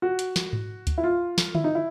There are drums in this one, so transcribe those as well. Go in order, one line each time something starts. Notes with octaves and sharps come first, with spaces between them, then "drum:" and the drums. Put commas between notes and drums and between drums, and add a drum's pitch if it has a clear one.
F#4
drum: hi-hat
drum: snare
drum: tom G#2
drum: kick D2, hi-hat
E4
F4
drum: snare
E4, drum: tom D3
D#4
E4